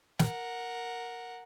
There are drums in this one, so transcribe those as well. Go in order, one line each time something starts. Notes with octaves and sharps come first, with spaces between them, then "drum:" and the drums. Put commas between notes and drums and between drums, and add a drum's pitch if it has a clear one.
A#4 F#5, drum: snare